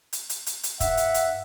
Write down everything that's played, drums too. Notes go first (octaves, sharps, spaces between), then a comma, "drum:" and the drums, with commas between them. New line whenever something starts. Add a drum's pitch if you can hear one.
drum: hi-hat
drum: hi-hat
drum: hi-hat
drum: hi-hat
G2 E5 F#5, drum: kick, hi-hat
drum: hi-hat
drum: hi-hat